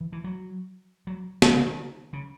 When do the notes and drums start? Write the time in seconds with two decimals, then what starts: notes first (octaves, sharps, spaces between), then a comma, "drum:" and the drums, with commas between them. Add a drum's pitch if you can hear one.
0.01 E3
0.13 E3
0.24 F#3
1.07 F#3
1.42 C3, drum: snare
1.54 C#3
1.66 D#3
2.13 C#3